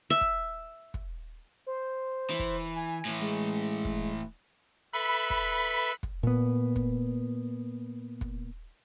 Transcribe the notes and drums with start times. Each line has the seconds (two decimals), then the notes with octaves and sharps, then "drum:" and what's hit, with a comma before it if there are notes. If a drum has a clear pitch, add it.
0.10 E5
0.21 drum: kick
0.94 drum: kick
1.67 C5
2.30 E3
2.39 drum: kick
2.76 G#5
3.05 A2 E3
3.20 G#3
3.85 drum: kick
4.93 A4 B4 E5 B5
5.30 drum: kick
6.03 drum: kick
6.23 A#2 B3
6.76 drum: kick
8.21 drum: kick